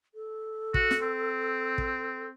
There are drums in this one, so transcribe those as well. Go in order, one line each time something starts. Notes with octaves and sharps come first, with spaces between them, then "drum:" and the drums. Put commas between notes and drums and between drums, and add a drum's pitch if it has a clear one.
A4
F#4, drum: kick
drum: snare
C4
drum: kick